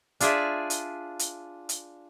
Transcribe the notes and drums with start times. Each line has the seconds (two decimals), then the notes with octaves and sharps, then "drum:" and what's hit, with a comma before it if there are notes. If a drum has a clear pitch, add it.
0.20 D4 F4 G#4 D5 E5, drum: hi-hat
0.70 drum: hi-hat
1.19 drum: hi-hat
1.69 drum: hi-hat